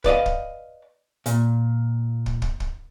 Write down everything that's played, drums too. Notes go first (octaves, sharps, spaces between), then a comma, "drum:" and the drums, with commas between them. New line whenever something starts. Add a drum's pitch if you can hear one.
B4 D5 D#5 F5, drum: kick
drum: kick
A#2, drum: hi-hat
drum: kick
drum: kick
drum: kick